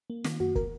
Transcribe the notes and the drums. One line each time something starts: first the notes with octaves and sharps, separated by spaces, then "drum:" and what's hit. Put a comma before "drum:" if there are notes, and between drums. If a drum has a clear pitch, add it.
A#3
D#3, drum: snare
F#2 F#4
A#4, drum: kick